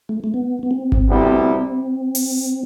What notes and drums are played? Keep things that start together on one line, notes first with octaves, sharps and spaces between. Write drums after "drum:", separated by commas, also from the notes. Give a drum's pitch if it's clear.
A3
A3
B3
B3
C4
drum: kick G#1
D2 C3 G3 B3 E4
drum: open hi-hat